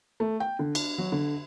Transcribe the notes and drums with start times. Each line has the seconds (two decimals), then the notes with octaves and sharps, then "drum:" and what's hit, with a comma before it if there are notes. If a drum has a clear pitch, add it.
0.20 A3
0.40 G5
0.59 D3
0.75 D4, drum: cymbal
0.98 F#3
1.12 D3